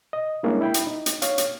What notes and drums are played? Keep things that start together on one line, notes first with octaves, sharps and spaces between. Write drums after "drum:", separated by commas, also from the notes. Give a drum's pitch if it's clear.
D#5
G3 G#3 A#3 C#4 D4 E4
E4 G5 B5
drum: hi-hat
D#4
drum: hi-hat
C#5 F5, drum: hi-hat
drum: hi-hat